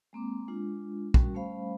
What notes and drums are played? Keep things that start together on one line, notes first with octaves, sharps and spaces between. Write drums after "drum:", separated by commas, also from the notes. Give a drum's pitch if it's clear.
G#3 A#3 C4 D6
G#3 D4 F4
G3 C#4 F#4 A#4, drum: kick
G3 A3 C#4 C5 F5 B5